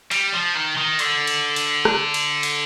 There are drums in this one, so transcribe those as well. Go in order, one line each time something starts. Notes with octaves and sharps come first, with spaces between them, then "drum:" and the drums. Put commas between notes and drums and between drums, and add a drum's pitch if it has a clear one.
G3, drum: cymbal
F3
D#3
D#3
D3, drum: cymbal
drum: cymbal
drum: cymbal
drum: rim click
drum: cymbal
drum: cymbal